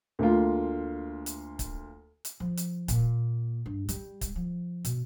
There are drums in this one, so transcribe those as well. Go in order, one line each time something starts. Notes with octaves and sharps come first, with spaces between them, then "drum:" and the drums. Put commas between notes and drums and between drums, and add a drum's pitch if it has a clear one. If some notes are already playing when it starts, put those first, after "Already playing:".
D2 A#3 F4
drum: hi-hat
drum: kick, hi-hat
drum: hi-hat
F3
drum: hi-hat
A#2, drum: kick, hi-hat
G2
G3, drum: hi-hat
drum: kick, hi-hat
F3
B2, drum: hi-hat